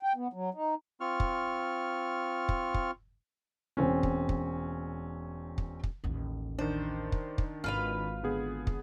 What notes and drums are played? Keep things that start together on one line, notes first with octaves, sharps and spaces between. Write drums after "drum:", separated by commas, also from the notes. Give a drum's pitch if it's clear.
G5
B3
F#3
D#4
C4 F4 C#6 F6
drum: kick
drum: kick
drum: kick
E1 C4 C#4
drum: kick
drum: kick
drum: kick
drum: kick
A1 D#2
D#3 D4 C5
drum: kick
drum: kick
G#1 F4 B4 F5
D3 B3 G#4
drum: kick